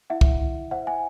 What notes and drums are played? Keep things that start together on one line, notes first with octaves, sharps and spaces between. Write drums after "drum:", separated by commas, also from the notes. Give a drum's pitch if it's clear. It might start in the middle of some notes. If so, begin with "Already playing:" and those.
E4 E5 F#5
drum: kick
E4
C5 E5 F#5
F#5 G#5